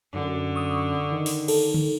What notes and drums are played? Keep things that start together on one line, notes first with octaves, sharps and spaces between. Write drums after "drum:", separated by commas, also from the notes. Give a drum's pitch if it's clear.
F#2 D3
C#6 D#6
D#3
drum: open hi-hat
A4, drum: cymbal
drum: tom D3